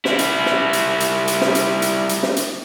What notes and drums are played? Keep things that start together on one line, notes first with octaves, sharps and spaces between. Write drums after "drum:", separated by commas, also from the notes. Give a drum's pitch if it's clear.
G3 E4, drum: snare
drum: hi-hat
drum: snare
drum: hi-hat
drum: hi-hat
drum: hi-hat
drum: snare
drum: hi-hat
drum: hi-hat
drum: hi-hat
drum: snare
drum: hi-hat